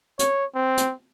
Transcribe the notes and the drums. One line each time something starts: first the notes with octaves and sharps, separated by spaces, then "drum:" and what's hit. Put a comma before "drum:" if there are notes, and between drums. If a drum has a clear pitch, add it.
C#5, drum: hi-hat
C4
drum: hi-hat